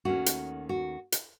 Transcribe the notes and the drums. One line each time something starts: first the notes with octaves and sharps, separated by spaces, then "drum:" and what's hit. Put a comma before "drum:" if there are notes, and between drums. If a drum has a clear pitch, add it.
D#2 D#3 A3 C#4 F#4
drum: hi-hat
F#4
drum: hi-hat